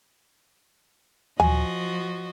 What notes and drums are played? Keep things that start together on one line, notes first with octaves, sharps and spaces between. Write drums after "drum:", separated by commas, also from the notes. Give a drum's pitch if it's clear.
F3 F#4 D#5 G#5, drum: tom D2